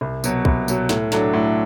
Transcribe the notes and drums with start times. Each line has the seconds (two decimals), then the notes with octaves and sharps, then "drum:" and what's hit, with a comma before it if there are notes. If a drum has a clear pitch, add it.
0.01 C2
0.24 B2 F#3, drum: tambourine
0.45 C2, drum: kick
0.68 B2 F#3, drum: tambourine
0.89 A2, drum: snare
1.12 F#3 A3 D4, drum: snare
1.33 A2